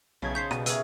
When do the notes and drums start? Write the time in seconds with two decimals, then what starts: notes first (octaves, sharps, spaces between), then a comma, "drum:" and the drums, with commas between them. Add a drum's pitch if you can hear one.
0.22 B1 C#3 C#4 D#4 A5 B5 G#6
0.35 C5 C#5 G6 B6 C7
0.51 B2 G3 D#7, drum: rim click
0.66 E3 G#4 A#4 B4 C#5 E6 D#7, drum: hi-hat